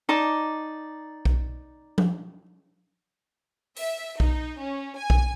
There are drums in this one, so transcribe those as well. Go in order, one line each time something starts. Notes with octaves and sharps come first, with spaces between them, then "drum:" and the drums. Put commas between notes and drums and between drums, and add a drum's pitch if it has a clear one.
D#4 D5 A5 D6
drum: kick B1
drum: tom F3
E5, drum: open hi-hat
D#4, drum: kick B1
C#4
G#5
drum: kick B1